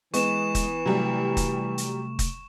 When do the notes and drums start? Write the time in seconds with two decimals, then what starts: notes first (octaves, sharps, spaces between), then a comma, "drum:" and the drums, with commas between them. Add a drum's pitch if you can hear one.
0.14 E3 G#3 B3 C#6 E7, drum: hi-hat
0.55 drum: kick, hi-hat
0.86 C3 F#3 G3 A3
1.37 drum: kick, hi-hat
1.78 drum: hi-hat
2.19 drum: kick, hi-hat